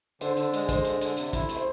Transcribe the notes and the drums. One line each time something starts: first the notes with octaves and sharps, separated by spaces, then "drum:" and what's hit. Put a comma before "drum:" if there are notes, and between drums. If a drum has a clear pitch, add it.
D3 C5, drum: hi-hat
D3, drum: hi-hat
G#3, drum: hi-hat
G#3 C5, drum: kick, hi-hat
D3, drum: hi-hat
D3, drum: hi-hat
C3, drum: hi-hat
E4, drum: kick, hi-hat
A3, drum: hi-hat
C5